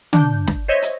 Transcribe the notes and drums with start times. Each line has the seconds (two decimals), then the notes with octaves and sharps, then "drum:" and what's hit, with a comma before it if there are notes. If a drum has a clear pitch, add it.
0.13 D4 G6, drum: tom
0.47 drum: snare
0.68 C5 C#5 D#5 E5
0.82 drum: hi-hat